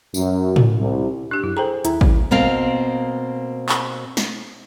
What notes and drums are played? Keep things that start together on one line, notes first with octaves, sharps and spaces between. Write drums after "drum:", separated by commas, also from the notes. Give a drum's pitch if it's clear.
F#2, drum: tambourine
drum: tom A2
C2
D4 G4 F#6
F#2 E4
G#4 A4 C5 G5 A#5
D#2 E4 A#5, drum: hi-hat
drum: kick
B2 A#3 C4 F5
drum: clap
drum: snare